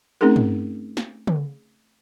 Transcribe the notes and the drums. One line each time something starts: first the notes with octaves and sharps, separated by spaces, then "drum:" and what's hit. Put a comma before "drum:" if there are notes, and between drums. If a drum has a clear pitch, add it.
A3 C4 C#4 D#4 G#4 A#4
drum: tom
drum: snare
drum: tom